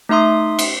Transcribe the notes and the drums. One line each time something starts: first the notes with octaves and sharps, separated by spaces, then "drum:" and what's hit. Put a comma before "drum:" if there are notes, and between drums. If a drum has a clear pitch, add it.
A3 D#4 E5 C6 D#6
drum: cymbal